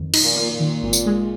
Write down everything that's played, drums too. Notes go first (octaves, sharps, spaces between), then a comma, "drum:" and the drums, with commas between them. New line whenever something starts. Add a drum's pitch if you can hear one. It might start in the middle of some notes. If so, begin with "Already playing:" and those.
Already playing: F2 D#3
D#4, drum: cymbal
A#2
A#3
A#2
D#3
G#1
drum: tambourine
G#3